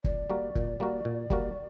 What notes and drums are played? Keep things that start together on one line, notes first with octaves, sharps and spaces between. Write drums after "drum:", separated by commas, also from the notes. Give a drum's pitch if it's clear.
A#2 D5, drum: kick
G3 A#3 F#4 A#4
A#2, drum: kick
G3 A#3 F#4 A#4
A#2
G3 A#3 F#4 A#4, drum: kick